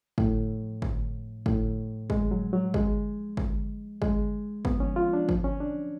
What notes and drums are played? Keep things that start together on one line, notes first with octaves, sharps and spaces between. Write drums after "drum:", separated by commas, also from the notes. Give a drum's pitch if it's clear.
A2, drum: kick
drum: kick
A2, drum: kick
G#3, drum: kick
F#3
F#3
G#3, drum: kick
drum: kick
G#3, drum: kick
B3, drum: kick
C#4
F4
D4
F3, drum: kick
C#4
D4